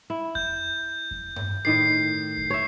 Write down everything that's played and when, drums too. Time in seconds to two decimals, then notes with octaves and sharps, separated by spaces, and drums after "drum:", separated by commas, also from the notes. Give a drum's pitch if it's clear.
0.10 E4
0.35 G6, drum: kick F2
1.11 drum: kick F2
1.36 drum: tom G2
1.65 A2 D#3 D5 C7
2.37 drum: kick F2
2.50 C#5 E5